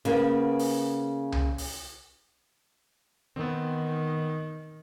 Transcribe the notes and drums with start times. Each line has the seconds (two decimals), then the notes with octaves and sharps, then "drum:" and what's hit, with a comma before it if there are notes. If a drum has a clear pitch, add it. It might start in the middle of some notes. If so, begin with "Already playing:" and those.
0.05 C#3 A#3 B3, drum: hi-hat
0.59 drum: open hi-hat
1.32 drum: tom C2
1.58 drum: open hi-hat
3.36 D#3 B3 C4